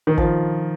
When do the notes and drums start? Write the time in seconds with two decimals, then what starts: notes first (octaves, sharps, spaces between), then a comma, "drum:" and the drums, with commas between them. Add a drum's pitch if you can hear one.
0.07 D#3
0.17 F3, drum: kick